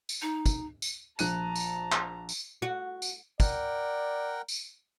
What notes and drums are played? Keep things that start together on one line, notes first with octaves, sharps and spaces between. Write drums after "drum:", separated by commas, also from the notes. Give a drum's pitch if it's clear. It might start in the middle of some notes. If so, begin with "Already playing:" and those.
drum: tambourine
D#4
drum: kick, tambourine
drum: tambourine
A#1 A5 A#5 F#6 D#7, drum: tambourine
drum: tambourine
drum: clap
drum: tambourine
F#4
drum: tambourine
A#4 D5 F#5 G5, drum: kick, tambourine
drum: tambourine